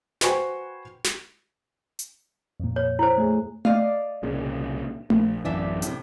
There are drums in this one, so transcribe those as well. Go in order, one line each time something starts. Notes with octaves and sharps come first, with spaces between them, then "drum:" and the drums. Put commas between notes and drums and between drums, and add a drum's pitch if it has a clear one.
F#4 B4 C5 G5 G#5 C#6, drum: snare
drum: snare
drum: hi-hat
F2 A#2
C#5
E4 C5
A3 G#4
D5 D#5 F5, drum: tom A3
C2 A#2 C#3
A#1, drum: tom A3
A1 F#2 E3 B3 D4 E5
A2 C3, drum: hi-hat